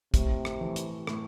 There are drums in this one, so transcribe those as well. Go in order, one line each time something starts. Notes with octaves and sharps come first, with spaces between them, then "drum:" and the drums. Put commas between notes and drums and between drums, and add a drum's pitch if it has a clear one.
A2 C3, drum: kick, hi-hat
drum: rim click
E3 A3
drum: hi-hat
A2, drum: rim click